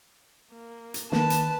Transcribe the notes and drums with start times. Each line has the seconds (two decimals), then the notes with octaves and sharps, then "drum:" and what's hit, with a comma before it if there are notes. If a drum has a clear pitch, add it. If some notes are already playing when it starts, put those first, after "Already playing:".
0.52 A#3
0.94 drum: hi-hat
1.12 D#3 A#3 B4 A5, drum: snare
1.30 drum: hi-hat